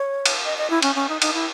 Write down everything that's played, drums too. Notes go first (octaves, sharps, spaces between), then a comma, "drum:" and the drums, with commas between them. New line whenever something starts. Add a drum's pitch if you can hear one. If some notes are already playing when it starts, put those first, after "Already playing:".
Already playing: C#5
drum: cymbal
D#5
D#5
E4
C#4, drum: cymbal
C#4
D#4
D#4, drum: cymbal
E4